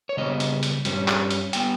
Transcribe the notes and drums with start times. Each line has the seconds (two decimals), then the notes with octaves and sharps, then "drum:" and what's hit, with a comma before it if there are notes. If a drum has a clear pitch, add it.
0.09 C#5
0.17 C#3 G3 B3 D#5
0.40 drum: hi-hat
0.63 drum: hi-hat
0.85 G2 G3 C#4, drum: hi-hat
1.08 drum: clap
1.31 drum: hi-hat
1.53 G3 B3 G5, drum: hi-hat